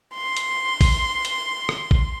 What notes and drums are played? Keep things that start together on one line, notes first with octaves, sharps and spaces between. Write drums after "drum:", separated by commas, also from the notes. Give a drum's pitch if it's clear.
C6
drum: hi-hat
drum: kick A1, open hi-hat
drum: hi-hat
drum: rim click
drum: kick A1